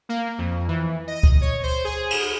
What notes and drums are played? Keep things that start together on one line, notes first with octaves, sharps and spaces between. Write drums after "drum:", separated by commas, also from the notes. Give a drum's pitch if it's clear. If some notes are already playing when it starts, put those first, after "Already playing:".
A#3
F2
E3
D#5
drum: kick C#2
C#5
C5
G#4
drum: cymbal